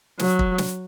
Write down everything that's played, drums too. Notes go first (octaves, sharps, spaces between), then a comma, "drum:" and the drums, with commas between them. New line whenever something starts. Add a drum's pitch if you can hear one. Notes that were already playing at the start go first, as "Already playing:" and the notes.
F#3, drum: snare
drum: kick
drum: snare